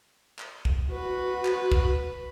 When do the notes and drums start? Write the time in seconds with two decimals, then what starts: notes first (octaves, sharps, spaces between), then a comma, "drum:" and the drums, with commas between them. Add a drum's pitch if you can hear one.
0.39 drum: clap
0.65 drum: kick
0.92 F#4 B4
1.45 drum: clap
1.72 drum: kick